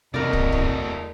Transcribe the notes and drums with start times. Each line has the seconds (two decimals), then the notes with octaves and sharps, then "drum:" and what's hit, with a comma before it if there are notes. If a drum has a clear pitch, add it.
0.14 E2 C3 F#3 A3 A#3 A#4 D5 D#5
0.33 drum: kick
0.52 drum: kick